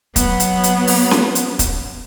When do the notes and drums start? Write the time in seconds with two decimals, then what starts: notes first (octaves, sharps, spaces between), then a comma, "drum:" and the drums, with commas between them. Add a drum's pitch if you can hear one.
0.16 F#3 B3, drum: kick, hi-hat
0.40 drum: hi-hat
0.64 drum: hi-hat
0.87 drum: open hi-hat
1.11 drum: snare C#4
1.35 drum: hi-hat
1.59 drum: kick, hi-hat